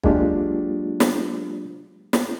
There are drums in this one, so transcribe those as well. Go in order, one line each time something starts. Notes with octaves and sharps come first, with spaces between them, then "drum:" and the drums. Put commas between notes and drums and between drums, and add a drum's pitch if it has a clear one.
F#3 G#3 A#3 D4 F4 G4, drum: kick
drum: snare
drum: snare